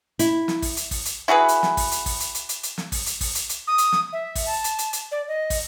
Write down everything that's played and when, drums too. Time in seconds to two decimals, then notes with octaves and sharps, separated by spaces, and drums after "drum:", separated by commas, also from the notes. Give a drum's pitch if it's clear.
0.19 E4, drum: hi-hat
0.48 drum: snare
0.62 drum: kick, open hi-hat
0.77 drum: hi-hat
0.91 drum: kick, open hi-hat
1.05 drum: hi-hat
1.28 E4 F#4 G#4 B4
1.48 drum: hi-hat
1.63 drum: snare
1.77 drum: kick, open hi-hat
1.91 drum: hi-hat
2.06 drum: kick, open hi-hat
2.20 drum: hi-hat
2.35 drum: hi-hat
2.49 drum: hi-hat
2.63 drum: hi-hat
2.78 drum: snare
2.92 drum: kick, open hi-hat
3.06 drum: hi-hat
3.21 drum: kick, open hi-hat
3.35 drum: hi-hat
3.49 drum: hi-hat
3.67 D#6
3.78 drum: hi-hat
3.92 drum: snare
4.13 E5
4.35 drum: kick, open hi-hat
4.47 A5
4.64 drum: hi-hat
4.78 drum: hi-hat
4.93 drum: hi-hat
5.12 D5
5.28 D#5
5.50 drum: kick, open hi-hat